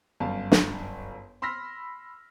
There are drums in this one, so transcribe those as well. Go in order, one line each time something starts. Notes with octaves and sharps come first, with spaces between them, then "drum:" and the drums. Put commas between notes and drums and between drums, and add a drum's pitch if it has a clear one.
G1 F#2 F5 A5
drum: snare
B5 C6 E6 F6 A#6 B6